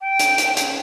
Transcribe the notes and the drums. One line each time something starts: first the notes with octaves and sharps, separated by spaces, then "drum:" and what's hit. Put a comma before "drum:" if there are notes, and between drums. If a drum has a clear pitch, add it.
G5
drum: hi-hat
drum: hi-hat
drum: hi-hat